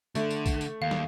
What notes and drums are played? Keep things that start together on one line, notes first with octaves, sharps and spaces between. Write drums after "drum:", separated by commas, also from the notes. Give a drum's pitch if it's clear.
D3 A3, drum: tambourine
drum: tambourine
drum: kick A#1, tambourine
drum: tambourine
D#2 F5
drum: snare